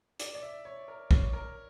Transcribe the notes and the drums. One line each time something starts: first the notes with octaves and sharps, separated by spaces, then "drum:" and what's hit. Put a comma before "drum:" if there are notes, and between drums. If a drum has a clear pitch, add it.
D5, drum: hi-hat
D5
E5
C#5
A#4
C#5, drum: kick
A#4